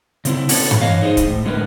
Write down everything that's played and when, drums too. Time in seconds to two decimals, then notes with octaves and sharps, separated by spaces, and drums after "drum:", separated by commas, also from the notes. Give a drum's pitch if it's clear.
0.25 C#3 C4 E4, drum: hi-hat
0.49 B3 C#4 F#4 A4, drum: open hi-hat
0.71 drum: tom G2
0.81 E3 C#5 D#5 F5
1.02 D#4 G#4 C5 C#5 D#5
1.17 drum: kick C#1, hi-hat
1.27 A2
1.45 A2 D3 G#3 A3 A#4 B4